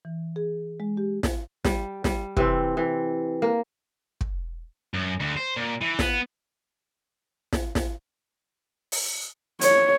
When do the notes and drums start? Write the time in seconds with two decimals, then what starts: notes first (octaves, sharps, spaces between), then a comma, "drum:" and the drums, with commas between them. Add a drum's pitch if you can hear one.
0.05 E3
0.36 G#4
0.80 G#3
0.97 G4
1.23 drum: snare
1.65 G3, drum: snare
2.04 G3, drum: snare
2.37 C3 E3 C4, drum: kick
2.77 E3
3.42 A#3
4.21 drum: kick
4.94 F#2
5.20 D2
5.37 C5
5.56 A#2
5.81 E3
5.99 B3, drum: snare
7.53 drum: snare
7.75 drum: snare
8.92 drum: open hi-hat
9.61 C#5, drum: hi-hat